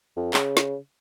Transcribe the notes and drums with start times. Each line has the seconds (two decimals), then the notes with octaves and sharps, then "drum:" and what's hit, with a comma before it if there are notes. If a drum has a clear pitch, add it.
0.17 F2
0.34 C#3, drum: clap
0.57 drum: snare